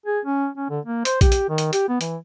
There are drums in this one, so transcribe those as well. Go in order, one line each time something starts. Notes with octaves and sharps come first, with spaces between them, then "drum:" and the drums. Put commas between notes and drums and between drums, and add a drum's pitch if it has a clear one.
G#4
C#4
C#4
D3
A#3
C5, drum: hi-hat
G4, drum: kick A#1, hi-hat
drum: hi-hat
D#3
drum: hi-hat
G4, drum: hi-hat
B3
E3, drum: hi-hat